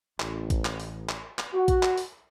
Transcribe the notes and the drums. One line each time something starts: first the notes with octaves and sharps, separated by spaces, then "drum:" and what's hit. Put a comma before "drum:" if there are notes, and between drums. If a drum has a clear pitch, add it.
A1, drum: clap
drum: kick A1, hi-hat
drum: clap
drum: open hi-hat
drum: clap
drum: clap
F#4
drum: kick A1, hi-hat
drum: clap
drum: open hi-hat